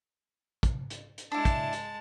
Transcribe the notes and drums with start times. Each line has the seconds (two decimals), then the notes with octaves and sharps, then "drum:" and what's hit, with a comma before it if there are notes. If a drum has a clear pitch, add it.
0.63 drum: kick, hi-hat
0.90 drum: hi-hat
1.18 drum: hi-hat
1.32 G#3 D4 E4 A5
1.45 drum: kick, hi-hat
1.73 drum: hi-hat